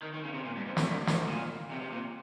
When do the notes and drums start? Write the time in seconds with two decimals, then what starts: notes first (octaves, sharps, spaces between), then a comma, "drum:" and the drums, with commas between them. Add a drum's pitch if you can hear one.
0.03 D#3
0.14 D#3
0.24 C#3
0.34 C3
0.45 A#2
0.56 G2
0.66 F2
0.77 F2, drum: snare
0.87 G2
1.07 G#2, drum: snare
1.29 A#2
1.70 C3
1.81 C3
1.92 A#2